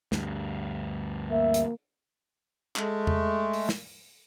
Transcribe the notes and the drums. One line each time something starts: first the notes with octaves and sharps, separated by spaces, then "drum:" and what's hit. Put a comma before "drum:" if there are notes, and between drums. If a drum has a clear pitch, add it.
D2 G2, drum: snare
A#3 E5
drum: hi-hat
G#3 A3, drum: clap
drum: tom E2
drum: open hi-hat
drum: snare